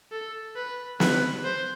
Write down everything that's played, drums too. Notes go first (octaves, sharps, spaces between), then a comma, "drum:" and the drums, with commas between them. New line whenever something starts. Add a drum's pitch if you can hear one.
A4
B4
B4, drum: snare
C5